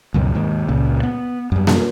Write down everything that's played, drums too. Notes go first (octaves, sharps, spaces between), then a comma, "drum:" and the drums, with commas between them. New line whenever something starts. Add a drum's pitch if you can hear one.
C#2 F#2 B2
D#2 G#2
C#2 A#2 C#3
B3
F#2 G3
drum: snare A#3